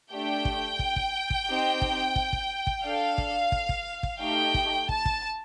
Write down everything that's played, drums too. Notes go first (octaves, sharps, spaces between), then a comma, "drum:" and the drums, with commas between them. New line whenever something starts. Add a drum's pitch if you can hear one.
A3 D4 G4 G5
drum: kick
drum: kick
drum: kick
drum: kick
C4 D#4 G4
drum: kick
drum: kick
drum: kick
drum: kick
D4 A4 F5
drum: kick
drum: kick
drum: kick
drum: kick
A3 D#4 G4 G5
drum: kick
A5, drum: kick
drum: kick